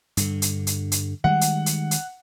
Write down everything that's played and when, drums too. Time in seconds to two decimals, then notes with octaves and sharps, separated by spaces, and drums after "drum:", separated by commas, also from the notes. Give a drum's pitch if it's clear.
0.17 G2 D3, drum: hi-hat
0.42 drum: hi-hat
0.67 drum: hi-hat
0.92 drum: hi-hat
1.24 D#3 G3 G#3 F#5
1.41 drum: hi-hat
1.66 drum: hi-hat
1.91 drum: hi-hat